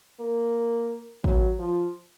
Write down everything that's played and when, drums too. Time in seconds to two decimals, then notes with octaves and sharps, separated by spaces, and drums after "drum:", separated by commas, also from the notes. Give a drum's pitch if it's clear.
0.20 A#3
1.24 F#3, drum: kick
1.59 F3